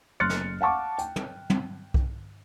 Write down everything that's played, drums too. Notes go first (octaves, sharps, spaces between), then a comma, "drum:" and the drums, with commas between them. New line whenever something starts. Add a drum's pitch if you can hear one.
F#1 C6 F6 F#6 A6 C#7
drum: snare
F5 F#5 A5 C#6 D6
G5, drum: hi-hat
drum: tom
drum: tom
drum: kick B1